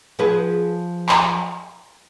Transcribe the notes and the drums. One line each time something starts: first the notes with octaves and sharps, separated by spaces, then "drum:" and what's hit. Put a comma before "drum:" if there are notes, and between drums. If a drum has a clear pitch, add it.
F3 G#4 B4
drum: clap